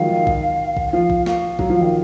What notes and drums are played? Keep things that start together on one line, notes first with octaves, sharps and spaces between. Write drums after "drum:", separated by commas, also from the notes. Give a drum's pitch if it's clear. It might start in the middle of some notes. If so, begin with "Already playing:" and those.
Already playing: D#3 F3 F#3 G#3 F5
D#3
drum: kick
drum: kick
F#5
F3 F5
drum: kick
F5, drum: snare
F#3, drum: kick
F3
D#3